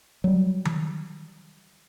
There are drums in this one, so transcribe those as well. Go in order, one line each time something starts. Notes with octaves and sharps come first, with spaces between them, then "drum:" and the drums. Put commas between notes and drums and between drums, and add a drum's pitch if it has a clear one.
F#3 G3
drum: tom D#3